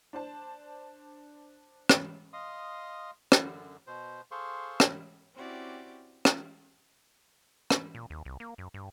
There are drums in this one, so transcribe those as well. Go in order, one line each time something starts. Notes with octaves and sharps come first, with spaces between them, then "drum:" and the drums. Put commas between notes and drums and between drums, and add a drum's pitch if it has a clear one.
D4 C5 A5
drum: rim click
D#5 F5 C6 D#6
F#2 D3, drum: rim click
B2 C5
G#4 A4 C5 F5 C6 C#6
drum: rim click
C4 C#4 E4 F#4 G4 D5
drum: rim click
drum: rim click
A#2
D#2
C2
A#3
F#2
G2